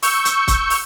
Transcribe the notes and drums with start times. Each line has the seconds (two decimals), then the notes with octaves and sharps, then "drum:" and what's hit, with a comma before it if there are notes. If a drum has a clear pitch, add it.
0.02 C#6 E6 G6 C#7, drum: open hi-hat
0.25 drum: hi-hat
0.48 drum: kick, hi-hat
0.70 drum: open hi-hat